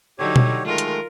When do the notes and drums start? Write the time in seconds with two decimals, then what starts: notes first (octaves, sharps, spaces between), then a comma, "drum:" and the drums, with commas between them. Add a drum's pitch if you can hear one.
0.19 D3 F#3 D#4 G4 C#5
0.36 drum: tom B2
0.66 D#3 G#3 A3 F4 A#4
0.78 drum: hi-hat